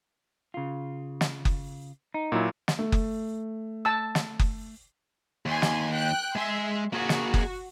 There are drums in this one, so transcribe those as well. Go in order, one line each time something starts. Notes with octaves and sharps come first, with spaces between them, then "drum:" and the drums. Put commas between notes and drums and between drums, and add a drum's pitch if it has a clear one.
C#3 F4
drum: snare
drum: kick F#1
D#4
A#2 F#3 E4
drum: snare
A3
drum: kick F#1
A5 E6
drum: snare
drum: kick F#1
D#2 G#5 C6
drum: snare
G5 F#6
G#3 E5 G#5 C6
A#3 F#4 G#4
drum: snare
drum: kick F#1